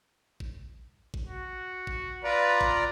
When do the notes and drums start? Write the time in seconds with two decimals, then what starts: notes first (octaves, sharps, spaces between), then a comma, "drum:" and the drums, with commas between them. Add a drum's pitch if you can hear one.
0.40 drum: kick
1.14 drum: kick
1.27 F#4
1.87 drum: kick
2.24 F4 B4 D5 A#5
2.61 drum: kick